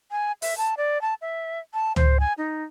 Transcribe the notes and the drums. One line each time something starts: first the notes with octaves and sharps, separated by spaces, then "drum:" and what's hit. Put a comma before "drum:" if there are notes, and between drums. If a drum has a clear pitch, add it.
G#5
E5, drum: open hi-hat
A5
D5
A5
E5
A5
C5, drum: tom C#2
G#5
D#4